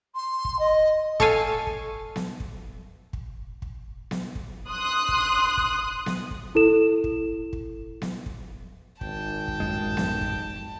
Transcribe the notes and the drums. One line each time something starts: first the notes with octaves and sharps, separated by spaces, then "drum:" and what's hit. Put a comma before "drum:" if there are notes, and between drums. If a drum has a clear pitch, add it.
C6
drum: kick
D#5
A4 C#5 F5 G#5, drum: kick
drum: kick
drum: snare B3
drum: kick
drum: kick
drum: kick
drum: snare B3
drum: kick
C6 D#6 F#6
drum: kick
drum: kick
drum: snare B3
drum: kick
E4 A4 E7
drum: kick
drum: kick
drum: snare B3
drum: kick
G#1 G5 A5, drum: kick
drum: kick
A1 F#2 G#3
drum: snare B3
drum: kick